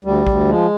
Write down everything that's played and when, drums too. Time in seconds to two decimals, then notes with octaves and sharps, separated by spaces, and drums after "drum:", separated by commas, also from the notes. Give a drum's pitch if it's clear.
0.05 D2 G3
0.27 D2, drum: kick A1
0.48 F3 G#3